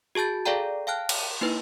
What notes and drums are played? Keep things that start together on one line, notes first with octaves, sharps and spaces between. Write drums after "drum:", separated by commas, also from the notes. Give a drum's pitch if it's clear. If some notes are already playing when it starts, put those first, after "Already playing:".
F#4 G#4 A5 G6 A6
G#4 A4 D5 F5 G5 A#5
F5 G5 A5 F6 F#6
drum: cymbal
A#3 D#4 E4 B4